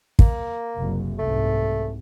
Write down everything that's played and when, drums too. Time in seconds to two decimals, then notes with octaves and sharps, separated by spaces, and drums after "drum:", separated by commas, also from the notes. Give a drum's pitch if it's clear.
0.19 A#3, drum: kick
0.78 F#1 C2 F#2
1.19 C2 G#2 A3